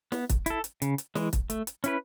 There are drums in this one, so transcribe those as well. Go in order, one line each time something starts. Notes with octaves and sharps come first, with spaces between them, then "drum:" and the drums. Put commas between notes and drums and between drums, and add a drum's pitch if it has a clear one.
B3, drum: snare
drum: kick, hi-hat
E4 A4, drum: hi-hat
drum: hi-hat
C#3, drum: hi-hat
drum: hi-hat
E3 G#3, drum: snare
drum: kick, hi-hat
A3, drum: hi-hat
drum: hi-hat
C#4 E4 B4, drum: hi-hat